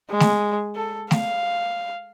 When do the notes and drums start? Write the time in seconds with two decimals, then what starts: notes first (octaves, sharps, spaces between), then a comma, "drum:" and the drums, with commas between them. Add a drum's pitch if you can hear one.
0.10 G#3
0.20 drum: snare A3
0.76 A4
1.11 F5, drum: snare A3